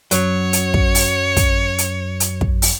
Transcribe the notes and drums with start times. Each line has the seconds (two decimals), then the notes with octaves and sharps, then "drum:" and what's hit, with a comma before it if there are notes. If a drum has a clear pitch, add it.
0.11 F#2 F#3 C#5, drum: hi-hat
0.53 drum: hi-hat
0.74 drum: kick
0.95 drum: open hi-hat
1.37 drum: kick, hi-hat
1.78 drum: hi-hat
2.20 drum: hi-hat
2.41 drum: kick
2.62 drum: open hi-hat